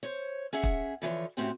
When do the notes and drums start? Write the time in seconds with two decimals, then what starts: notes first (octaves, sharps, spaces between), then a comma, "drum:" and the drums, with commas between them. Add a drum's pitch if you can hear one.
0.03 C5 C#5
0.53 C#4 G#4 E5 F#5
0.63 drum: kick
1.02 D3 E3 F3 C#5
1.37 A2 C3 C4 C#4 F#4 G4